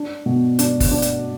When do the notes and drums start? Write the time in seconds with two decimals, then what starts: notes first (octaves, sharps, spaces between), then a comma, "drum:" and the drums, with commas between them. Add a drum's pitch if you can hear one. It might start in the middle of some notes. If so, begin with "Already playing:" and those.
Already playing: D4
0.26 B2
0.59 D4, drum: hi-hat
0.80 drum: kick, open hi-hat
0.91 D4
1.02 drum: hi-hat